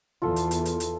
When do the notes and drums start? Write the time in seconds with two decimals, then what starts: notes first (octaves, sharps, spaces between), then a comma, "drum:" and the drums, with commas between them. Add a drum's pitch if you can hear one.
0.22 E2 F4 A4
0.36 drum: hi-hat
0.51 drum: hi-hat
0.65 drum: hi-hat
0.80 drum: hi-hat